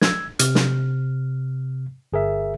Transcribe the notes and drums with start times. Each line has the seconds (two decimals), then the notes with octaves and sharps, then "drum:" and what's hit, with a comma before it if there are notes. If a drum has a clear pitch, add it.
0.01 E6 G#6, drum: snare
0.39 C3 F6, drum: hi-hat
0.55 drum: snare
2.13 G1 G#4 A#4 E5